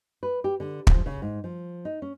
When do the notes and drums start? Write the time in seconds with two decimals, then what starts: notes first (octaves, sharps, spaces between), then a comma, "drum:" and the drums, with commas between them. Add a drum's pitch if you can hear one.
0.23 B4
0.44 G4
0.60 D3
0.87 F3, drum: kick
1.06 C#3
1.22 G#2
1.44 F3
1.85 D#4
2.02 C#4